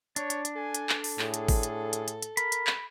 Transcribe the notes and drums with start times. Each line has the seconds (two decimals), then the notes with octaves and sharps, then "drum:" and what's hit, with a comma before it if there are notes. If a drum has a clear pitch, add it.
0.16 D4 C#5, drum: hi-hat
0.30 drum: hi-hat
0.45 drum: hi-hat
0.56 A4 G#5
0.75 drum: hi-hat
0.89 drum: clap
1.04 drum: open hi-hat
1.19 A2 G#4, drum: clap
1.34 drum: hi-hat
1.48 drum: kick G#1, open hi-hat
1.63 drum: hi-hat
1.93 drum: hi-hat
2.08 drum: hi-hat
2.22 drum: hi-hat
2.37 A#4 B5, drum: hi-hat
2.52 drum: hi-hat
2.67 drum: clap